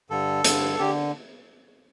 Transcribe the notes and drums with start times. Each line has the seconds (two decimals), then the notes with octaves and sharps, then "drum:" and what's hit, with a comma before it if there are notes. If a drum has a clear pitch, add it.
0.10 G2 D3 A4
0.44 G2 D3, drum: hi-hat
0.79 D3 G4